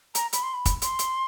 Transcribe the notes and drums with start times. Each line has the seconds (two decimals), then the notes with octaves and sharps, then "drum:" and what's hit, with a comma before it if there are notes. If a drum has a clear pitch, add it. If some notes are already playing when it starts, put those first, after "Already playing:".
0.15 A#5, drum: hi-hat
0.33 B5, drum: hi-hat
0.43 C6
0.54 B5
0.66 drum: kick, hi-hat
0.82 C6, drum: hi-hat
0.99 drum: hi-hat